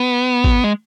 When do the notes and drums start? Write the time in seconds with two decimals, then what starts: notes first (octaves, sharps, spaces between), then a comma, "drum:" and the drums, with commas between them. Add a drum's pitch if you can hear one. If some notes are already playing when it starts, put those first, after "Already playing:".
Already playing: B3
0.44 drum: kick G#1
0.64 G#3